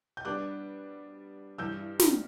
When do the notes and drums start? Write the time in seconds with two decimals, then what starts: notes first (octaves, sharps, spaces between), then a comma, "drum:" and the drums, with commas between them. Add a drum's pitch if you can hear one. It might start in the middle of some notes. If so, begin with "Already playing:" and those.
0.17 G6
0.25 G3 B3 D4 D6 F#6
1.58 G2 E3 G3 E6 G6
1.99 drum: snare